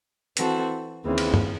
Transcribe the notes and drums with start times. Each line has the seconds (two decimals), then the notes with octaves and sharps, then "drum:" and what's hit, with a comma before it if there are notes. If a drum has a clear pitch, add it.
0.37 E3 C4 F#4 A4, drum: hi-hat
1.04 D#2 C#3 E3 C4
1.18 drum: cymbal
1.34 drum: tom G2